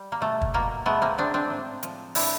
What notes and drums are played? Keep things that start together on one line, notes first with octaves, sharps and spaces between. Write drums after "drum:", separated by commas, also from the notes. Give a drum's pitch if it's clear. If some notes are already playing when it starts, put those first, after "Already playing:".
Already playing: G3
A#3
B2 A3
drum: kick
B2 A#3
G#3 A3 B3
A#3 C4
G#3 C4 D4
C4 D4
A2
F3, drum: hi-hat
A2 D4 E4, drum: open hi-hat